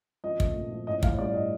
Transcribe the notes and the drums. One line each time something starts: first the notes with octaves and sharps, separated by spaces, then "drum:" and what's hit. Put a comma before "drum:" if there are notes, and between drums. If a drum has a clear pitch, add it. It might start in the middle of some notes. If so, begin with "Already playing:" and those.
F3 D#5
A3, drum: kick
A#2
F3
A2 D#5
A2 F5, drum: kick
G3 D5
A2 D#5